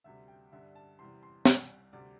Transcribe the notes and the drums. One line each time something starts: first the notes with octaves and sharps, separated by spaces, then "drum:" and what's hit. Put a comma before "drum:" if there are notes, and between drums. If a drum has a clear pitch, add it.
D2 C3 G3 E5
G5
G2 D3 G3 E5
A5
E2 C3 E3 G3 C6
C6
C2 C3 G3 G5, drum: snare
D2 C3 G3 D5